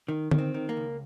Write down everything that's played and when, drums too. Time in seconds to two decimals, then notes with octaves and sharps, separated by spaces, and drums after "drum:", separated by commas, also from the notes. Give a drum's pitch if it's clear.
0.08 D#3
0.31 D#3, drum: tom D3
0.38 C4
0.54 D#3
0.69 A#3
0.77 C#2